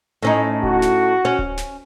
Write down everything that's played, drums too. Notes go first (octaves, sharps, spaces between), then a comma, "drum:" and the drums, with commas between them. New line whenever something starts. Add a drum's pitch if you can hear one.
A2 C#4 D#4
F#4, drum: kick D1
drum: snare
C#4
drum: kick D1
drum: snare